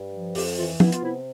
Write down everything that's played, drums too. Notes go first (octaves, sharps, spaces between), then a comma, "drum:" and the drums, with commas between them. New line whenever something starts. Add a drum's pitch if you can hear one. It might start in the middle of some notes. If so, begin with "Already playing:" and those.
Already playing: G2
F3
F2 G4, drum: open hi-hat
E3 F4
B3 E4, drum: tom
F4, drum: hi-hat
C3 E4